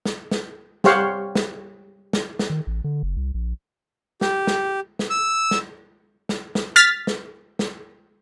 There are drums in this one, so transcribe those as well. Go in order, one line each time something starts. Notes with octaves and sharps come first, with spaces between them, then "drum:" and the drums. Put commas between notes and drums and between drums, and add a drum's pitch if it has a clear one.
drum: snare
drum: snare
G3 G4 C5 C#5 F5 F#5, drum: snare
drum: snare
drum: snare
drum: snare
D#3
A1
D3
F#1
C2
A#1
G4, drum: snare
drum: snare
drum: snare
E6
drum: snare
drum: snare
drum: snare
F6 A6 B6
drum: snare
drum: snare